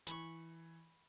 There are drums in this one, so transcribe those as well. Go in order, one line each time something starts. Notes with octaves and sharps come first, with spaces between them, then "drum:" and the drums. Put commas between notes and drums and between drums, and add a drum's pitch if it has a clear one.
E3 B5 C#6, drum: hi-hat